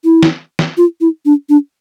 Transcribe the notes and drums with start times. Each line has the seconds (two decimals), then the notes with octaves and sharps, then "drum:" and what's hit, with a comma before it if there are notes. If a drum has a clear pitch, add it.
0.04 E4
0.23 drum: snare
0.59 drum: snare
0.77 F4
1.01 E4
1.26 D4
1.49 D4